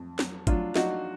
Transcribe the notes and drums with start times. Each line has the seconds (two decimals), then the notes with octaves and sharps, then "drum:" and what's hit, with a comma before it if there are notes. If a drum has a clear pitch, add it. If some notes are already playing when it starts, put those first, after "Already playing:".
Already playing: F2
0.19 F#3, drum: snare
0.47 F#3 D4 F4, drum: kick, hi-hat
0.76 F#3 D#4 F#4, drum: snare